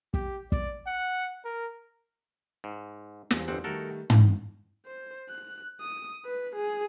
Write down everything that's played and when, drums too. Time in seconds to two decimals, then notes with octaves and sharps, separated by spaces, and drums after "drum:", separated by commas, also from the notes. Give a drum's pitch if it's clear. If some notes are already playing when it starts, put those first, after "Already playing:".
0.14 G4, drum: kick
0.52 D5, drum: kick
0.87 F#5
1.45 A#4
2.64 G#2
3.30 E2 G3 C5, drum: snare
3.48 G1 C4 F#5
3.64 D#3 G3 A3 F#4 A4 A#4
4.10 drum: tom
4.86 C5
5.30 F#6
5.80 D#6
6.26 B4
6.55 G#4